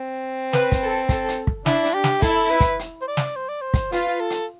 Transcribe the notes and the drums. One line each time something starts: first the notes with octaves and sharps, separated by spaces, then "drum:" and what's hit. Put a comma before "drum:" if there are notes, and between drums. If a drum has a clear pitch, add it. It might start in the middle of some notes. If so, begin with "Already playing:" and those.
Already playing: C4
B4, drum: snare
drum: kick, hi-hat
A4
A4, drum: kick, hi-hat
drum: hi-hat
drum: kick
D4 E4, drum: snare
drum: hi-hat
G4
drum: snare
E4 A4, drum: kick, hi-hat
B4
drum: kick, hi-hat
drum: hi-hat
C5
D5
drum: snare
C5
D5
C5
drum: kick, hi-hat
F4 B4, drum: hi-hat
A4
drum: hi-hat